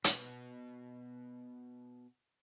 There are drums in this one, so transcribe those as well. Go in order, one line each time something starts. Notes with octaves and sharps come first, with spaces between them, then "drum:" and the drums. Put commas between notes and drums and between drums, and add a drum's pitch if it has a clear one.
B2 B4, drum: hi-hat